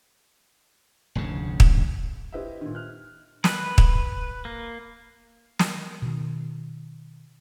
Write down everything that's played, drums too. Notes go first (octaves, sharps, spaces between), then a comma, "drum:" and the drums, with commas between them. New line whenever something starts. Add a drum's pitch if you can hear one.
F1 D2 G#2 C#3
drum: kick
E4 G4 B4 C5 D#5 E5
A#2 D#3
F6 F#6
B4, drum: snare
drum: kick
A#3
drum: snare
B2 D#3